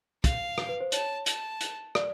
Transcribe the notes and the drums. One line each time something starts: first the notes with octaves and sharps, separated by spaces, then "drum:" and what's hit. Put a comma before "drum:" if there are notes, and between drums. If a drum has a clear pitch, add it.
F5, drum: kick, hi-hat
drum: rim click
B4
C5
C#5 A5, drum: hi-hat
A5, drum: hi-hat
drum: hi-hat
D5, drum: rim click